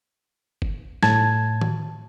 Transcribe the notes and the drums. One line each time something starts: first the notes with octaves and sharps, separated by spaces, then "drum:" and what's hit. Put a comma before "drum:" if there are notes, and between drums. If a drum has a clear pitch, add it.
drum: kick
A2 A5 G#6, drum: snare
drum: tom D#3